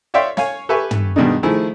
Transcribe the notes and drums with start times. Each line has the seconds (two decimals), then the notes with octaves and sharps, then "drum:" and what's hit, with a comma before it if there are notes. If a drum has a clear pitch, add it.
0.14 C#5 D5 E5 F5 G5 C6
0.37 C#5 F5 G#5, drum: snare
0.69 G4 A4 B4 E5 G#5 C#6
0.91 drum: tom
1.16 G2 B2 D#3 G#3 D4 D#4
1.43 D#3 F3 A3 E4 G#4